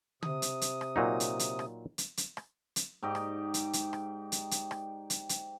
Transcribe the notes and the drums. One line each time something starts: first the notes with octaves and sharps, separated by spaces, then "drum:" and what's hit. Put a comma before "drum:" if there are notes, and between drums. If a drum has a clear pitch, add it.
C3 D#6, drum: tom
drum: hi-hat
drum: hi-hat
drum: rim click
A#2 F#3 D#4
drum: hi-hat
drum: hi-hat
drum: rim click
drum: hi-hat
drum: hi-hat
drum: rim click
drum: hi-hat
G#2 G4 D5 D#5
drum: rim click
drum: hi-hat
drum: hi-hat
drum: rim click
drum: hi-hat
drum: hi-hat
drum: rim click
drum: hi-hat
drum: hi-hat